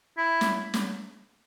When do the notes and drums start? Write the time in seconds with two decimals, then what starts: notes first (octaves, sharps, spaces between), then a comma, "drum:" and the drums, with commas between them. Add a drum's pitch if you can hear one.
0.17 E4
0.41 drum: snare
0.74 drum: snare